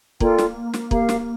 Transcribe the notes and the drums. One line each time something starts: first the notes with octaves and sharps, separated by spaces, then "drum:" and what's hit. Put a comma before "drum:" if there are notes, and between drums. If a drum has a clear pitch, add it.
A#3 F4 A4 D5 G5, drum: kick
drum: snare
drum: snare
A#3 G4 A#4 F5, drum: kick
drum: snare